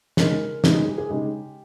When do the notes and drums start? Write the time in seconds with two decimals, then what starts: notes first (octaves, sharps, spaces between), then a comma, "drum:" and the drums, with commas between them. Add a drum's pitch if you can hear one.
0.17 C#3 G#3 D#4 A#4, drum: snare
0.64 C#3 G#3 D#4 G#4, drum: snare
0.74 G#4
0.87 G4
0.98 G#4
1.10 C#3 G#3 D#4 G4